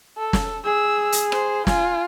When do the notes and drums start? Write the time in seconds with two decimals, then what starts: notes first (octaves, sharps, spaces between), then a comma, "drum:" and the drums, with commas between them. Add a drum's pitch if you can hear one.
0.17 A4
0.33 drum: snare
0.65 G#4 E6
1.12 drum: hi-hat
1.32 C5, drum: rim click
1.67 F4 G#5, drum: snare